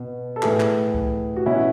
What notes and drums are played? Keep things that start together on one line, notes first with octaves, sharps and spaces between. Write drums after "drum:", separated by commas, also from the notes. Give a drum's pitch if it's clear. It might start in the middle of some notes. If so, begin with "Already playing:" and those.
Already playing: B2
A4
A2 E3 E4 G#4, drum: clap
drum: clap
drum: kick C2
F#4
B2 C#4 E4